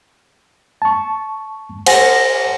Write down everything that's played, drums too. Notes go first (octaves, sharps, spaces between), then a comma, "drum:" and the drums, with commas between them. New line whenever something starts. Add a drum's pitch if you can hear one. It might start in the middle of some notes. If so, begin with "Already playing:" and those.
A5 C#6
C5 F#5 G#5 A#6, drum: cymbal